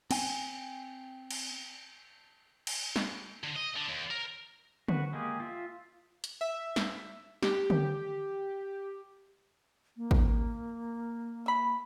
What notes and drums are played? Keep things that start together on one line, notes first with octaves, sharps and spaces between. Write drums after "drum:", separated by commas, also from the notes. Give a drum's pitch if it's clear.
C4 G5 G#5, drum: cymbal
drum: cymbal
drum: cymbal
drum: snare
D3
D#5
D3
D#2
A#4
F#4 B4, drum: tom D3
G#3 A#3 G4 G#4
F4 E5
drum: hi-hat
E5
drum: snare
G4, drum: snare
drum: tom D3
A#3
drum: kick A1
E5 B5